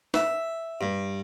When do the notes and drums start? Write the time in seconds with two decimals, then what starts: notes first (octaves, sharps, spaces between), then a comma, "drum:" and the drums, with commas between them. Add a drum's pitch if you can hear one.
0.14 E5, drum: snare
0.81 G2